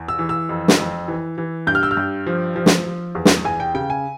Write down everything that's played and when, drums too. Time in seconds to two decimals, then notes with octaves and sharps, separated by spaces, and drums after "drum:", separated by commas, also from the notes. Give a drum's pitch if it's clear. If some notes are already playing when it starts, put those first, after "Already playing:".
Already playing: E2
0.08 E6
0.19 E3
0.29 E6
0.49 F2
0.68 drum: snare
0.78 F2
1.08 E3
1.38 E3
1.67 G2 G6
1.75 F6
1.83 E6
1.91 F6
1.97 G2
2.26 F3
2.56 F3
2.66 drum: snare
2.86 F3
3.15 E2
3.25 drum: snare
3.45 E2 G#5
3.60 G5
3.75 C#3 G5
3.90 G#5